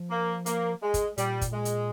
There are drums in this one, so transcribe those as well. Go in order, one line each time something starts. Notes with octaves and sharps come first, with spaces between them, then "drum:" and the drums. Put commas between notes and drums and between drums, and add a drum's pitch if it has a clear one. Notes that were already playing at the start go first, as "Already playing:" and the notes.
Already playing: F3
A#3
A#3, drum: hi-hat
G#3
drum: kick, hi-hat
A#2 G3, drum: hi-hat
drum: kick, hi-hat
G#3
drum: hi-hat